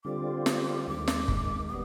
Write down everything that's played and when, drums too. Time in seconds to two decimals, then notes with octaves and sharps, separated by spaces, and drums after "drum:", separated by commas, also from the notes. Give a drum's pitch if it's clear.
0.04 D3 G3 C4 F4 D6
0.46 drum: snare
0.87 D#2 D#3 G#3 D6
1.08 drum: snare
1.28 drum: kick
1.69 B2 G3 B3 D#6